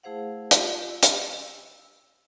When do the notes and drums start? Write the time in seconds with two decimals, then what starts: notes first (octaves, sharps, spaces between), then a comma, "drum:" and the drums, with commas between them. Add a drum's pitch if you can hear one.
0.03 A3 E4 G#4 C5 F5 F#5
0.51 F4 G4, drum: hi-hat
0.90 E6
1.03 drum: hi-hat